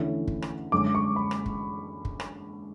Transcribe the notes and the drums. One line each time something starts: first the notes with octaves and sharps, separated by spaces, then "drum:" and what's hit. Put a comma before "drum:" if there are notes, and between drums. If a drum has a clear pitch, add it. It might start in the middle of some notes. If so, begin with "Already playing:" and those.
Already playing: E2 D3 A3 C#4 E4
drum: kick
drum: rim click
F#2 D3 G#3 C#4 D6
C#6
B5
drum: rim click
drum: kick
drum: kick
drum: rim click